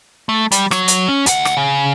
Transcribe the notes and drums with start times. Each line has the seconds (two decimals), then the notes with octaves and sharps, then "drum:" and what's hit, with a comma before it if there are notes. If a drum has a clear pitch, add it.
0.29 A3
0.52 G3, drum: hi-hat
0.71 F#3, drum: rim click
0.88 drum: hi-hat
1.08 C#4
1.26 D2 F#5, drum: hi-hat
1.45 drum: rim click
1.57 C#3